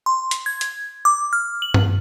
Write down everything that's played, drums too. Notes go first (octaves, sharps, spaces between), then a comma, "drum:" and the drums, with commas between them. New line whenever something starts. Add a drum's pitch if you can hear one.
C6
drum: hi-hat
G#6
drum: hi-hat
D6
F6
F#7
drum: tom G2